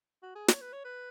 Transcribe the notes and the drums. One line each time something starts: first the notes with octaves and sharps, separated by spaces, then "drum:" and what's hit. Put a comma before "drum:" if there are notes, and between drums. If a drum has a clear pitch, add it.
F#4
G#4
C#5, drum: snare
B4
C#5
B4